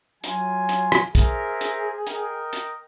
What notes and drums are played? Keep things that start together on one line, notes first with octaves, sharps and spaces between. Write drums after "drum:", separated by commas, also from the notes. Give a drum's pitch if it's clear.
F#3 F4 G#5, drum: hi-hat
drum: hi-hat
drum: rim click
G#4 A#4 C5 E5, drum: kick, hi-hat
drum: hi-hat
A#4 D#5 G5, drum: hi-hat
drum: hi-hat